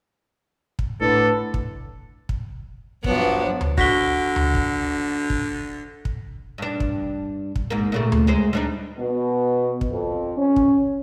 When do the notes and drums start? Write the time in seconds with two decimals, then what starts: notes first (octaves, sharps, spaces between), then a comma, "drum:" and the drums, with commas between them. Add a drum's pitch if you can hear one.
0.79 drum: kick
1.01 A2 D3 D4 A4 B4
1.54 drum: kick
2.29 drum: kick
3.04 G2 F3 F#3 B3 D4, drum: kick
3.61 drum: tom D2
3.78 D3 F#4 A#6 B6 G7, drum: kick
4.36 drum: tom D2
4.55 drum: kick
5.30 drum: kick
6.05 drum: kick
6.58 G2 D4
6.80 drum: kick
7.56 drum: kick
7.70 G#2 A#3
7.92 A#2 C#3 A3
8.12 drum: tom D2
8.27 F#2 G#3 C5
8.53 G3 D4 D#4
8.97 B2
9.81 drum: kick
9.91 F2
10.37 C#4
10.56 drum: kick